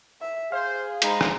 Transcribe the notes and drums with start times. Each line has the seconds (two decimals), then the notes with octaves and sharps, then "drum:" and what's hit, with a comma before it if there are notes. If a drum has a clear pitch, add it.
0.21 E5
0.52 G#4 C5 F5
1.02 G#3 D#4 C5 B5, drum: hi-hat
1.21 drum: rim click